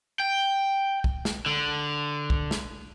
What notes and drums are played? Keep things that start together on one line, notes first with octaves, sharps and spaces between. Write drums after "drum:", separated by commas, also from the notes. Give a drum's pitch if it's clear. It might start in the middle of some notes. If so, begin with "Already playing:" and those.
G5
drum: kick
drum: snare
D3
drum: kick
drum: snare